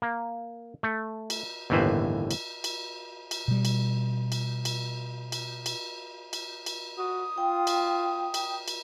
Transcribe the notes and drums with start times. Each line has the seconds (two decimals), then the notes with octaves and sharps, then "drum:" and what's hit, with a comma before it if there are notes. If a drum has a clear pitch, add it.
0.02 A#3
0.83 A3
1.30 drum: cymbal
1.70 G1 D#2 A2 E3 B4 C5
2.31 drum: cymbal
2.64 drum: cymbal
3.31 drum: cymbal
3.48 B2 G3
3.65 drum: cymbal
4.32 drum: cymbal
4.65 drum: cymbal
5.32 drum: cymbal
5.66 drum: cymbal
6.33 drum: cymbal
6.66 drum: cymbal
6.98 F#4 D#6
7.38 F4 G5
7.67 drum: cymbal
8.34 drum: cymbal
8.68 drum: cymbal